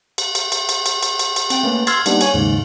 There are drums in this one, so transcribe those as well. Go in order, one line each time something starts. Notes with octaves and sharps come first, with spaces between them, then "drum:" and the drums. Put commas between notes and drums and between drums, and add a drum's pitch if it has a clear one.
drum: cymbal
drum: cymbal
drum: cymbal
drum: cymbal
drum: cymbal
drum: cymbal
drum: cymbal
drum: cymbal
C4 G5, drum: cymbal
A3 A#3 C#4 B4
C6 E6 F6 G#6 A6 C7, drum: cymbal
G3 A#3 B3 D4 D#4 G4, drum: cymbal
C#5 G#5, drum: cymbal
D#2 G#2 C#3